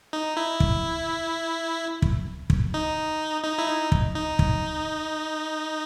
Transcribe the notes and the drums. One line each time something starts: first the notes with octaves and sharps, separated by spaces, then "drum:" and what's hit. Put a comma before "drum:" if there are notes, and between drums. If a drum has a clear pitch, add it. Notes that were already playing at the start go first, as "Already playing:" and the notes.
D#4
E4
drum: kick
drum: kick
drum: kick
D#4
D#4
E4
D#4
drum: kick
D#4
drum: kick